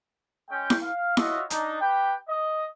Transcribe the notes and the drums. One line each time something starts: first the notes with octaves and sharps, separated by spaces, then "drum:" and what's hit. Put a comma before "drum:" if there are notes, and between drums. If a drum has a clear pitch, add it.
G#3 C#4 G5
drum: snare E4
F5
F4 F#4 C#5 D#5 E5, drum: snare E4
D4 D#4, drum: hi-hat
G4 B4 G5
D#5